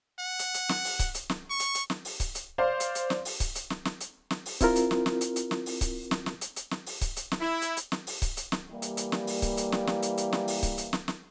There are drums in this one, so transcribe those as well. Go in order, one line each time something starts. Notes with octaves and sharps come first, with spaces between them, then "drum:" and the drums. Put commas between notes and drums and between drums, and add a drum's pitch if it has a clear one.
F#5
drum: hi-hat
drum: hi-hat
drum: snare
drum: open hi-hat
drum: kick C#1, hi-hat
drum: hi-hat
drum: snare
C#6
drum: hi-hat
drum: hi-hat
drum: snare
drum: open hi-hat
drum: kick C#1, hi-hat
drum: hi-hat
C5 D5 F5 C6
drum: hi-hat
drum: hi-hat
drum: snare
drum: open hi-hat
drum: kick C#1, hi-hat
drum: hi-hat
drum: snare
drum: snare
drum: hi-hat
drum: snare
drum: open hi-hat
C4 E4 F4 A#4, drum: kick C#1, hi-hat
drum: hi-hat
drum: snare
drum: snare
drum: hi-hat
drum: hi-hat
drum: snare
drum: open hi-hat
drum: kick C#1, hi-hat
drum: snare
drum: snare
drum: hi-hat
drum: hi-hat
drum: snare
drum: open hi-hat
drum: kick C#1, hi-hat
drum: hi-hat
drum: snare
E4
drum: hi-hat
drum: hi-hat
drum: snare
drum: open hi-hat
drum: kick C#1, hi-hat
drum: hi-hat
drum: snare
E3 G3 A#3
drum: hi-hat
drum: hi-hat
drum: snare
drum: open hi-hat
drum: kick C#1, hi-hat
drum: hi-hat
drum: snare
drum: snare
drum: hi-hat
drum: hi-hat
drum: snare
drum: open hi-hat
drum: kick C#1, hi-hat
drum: hi-hat
drum: snare
drum: snare